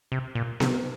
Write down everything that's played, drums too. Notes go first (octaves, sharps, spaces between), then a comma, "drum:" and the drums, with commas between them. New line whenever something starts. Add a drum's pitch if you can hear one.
C3
A#2
C3, drum: snare B3